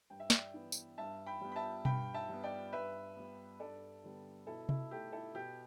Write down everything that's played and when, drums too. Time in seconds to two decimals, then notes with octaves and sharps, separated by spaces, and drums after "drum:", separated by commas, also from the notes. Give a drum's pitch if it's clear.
0.10 G2 G5
0.20 E5
0.30 D5 G5, drum: snare
0.54 E3 B3
0.72 drum: tambourine
0.98 G2 E5 A5
1.26 G5 B5
1.41 G3 B3
1.52 B5
1.56 E5 A5
1.85 G2 G5 B5, drum: tom B2
2.14 E5 A5
2.29 G3 B3
2.43 D5 G5
2.73 G2 B4 E5
3.16 G3 B3
3.60 G2 A4 D5
4.04 D3 G3 B3
4.47 B2 E4 A4
4.69 E4, drum: tom C3
4.91 A3 G4
5.12 E4 A4
5.34 B2 G4